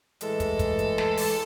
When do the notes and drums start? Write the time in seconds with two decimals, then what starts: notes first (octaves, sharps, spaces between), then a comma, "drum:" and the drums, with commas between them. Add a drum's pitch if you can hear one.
0.21 A2 E3 G#3 A4, drum: hi-hat
0.40 drum: kick, hi-hat
0.59 drum: kick, hi-hat
0.79 drum: hi-hat
0.98 drum: snare
1.17 drum: open hi-hat